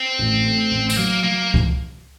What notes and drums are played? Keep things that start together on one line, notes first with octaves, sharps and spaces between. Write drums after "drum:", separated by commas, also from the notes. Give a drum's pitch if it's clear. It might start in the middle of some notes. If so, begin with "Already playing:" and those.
Already playing: C4
A1
A3
A1
C4, drum: tambourine
F#3 A#3
F#3 A#3
drum: kick C2